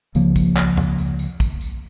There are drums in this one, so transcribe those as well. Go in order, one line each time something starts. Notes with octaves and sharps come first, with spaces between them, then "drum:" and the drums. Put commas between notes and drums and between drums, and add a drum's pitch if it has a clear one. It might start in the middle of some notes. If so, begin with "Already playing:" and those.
C#2 C#3 F3 A#3, drum: tambourine
drum: kick, tambourine
drum: clap
drum: tom E2
drum: tambourine
drum: tambourine
drum: kick, tambourine
drum: tambourine